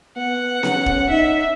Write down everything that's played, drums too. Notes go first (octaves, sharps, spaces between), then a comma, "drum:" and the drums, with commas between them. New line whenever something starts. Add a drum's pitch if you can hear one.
B3 F#5
C#4, drum: snare B3
drum: kick
D#4 E5